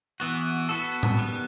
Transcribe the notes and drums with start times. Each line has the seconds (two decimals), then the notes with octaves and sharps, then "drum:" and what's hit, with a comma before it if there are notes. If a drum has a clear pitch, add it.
0.20 E3 B3 F#4
0.69 B3 F#4 A4
1.03 drum: tom A2
1.19 D#3 G3 B3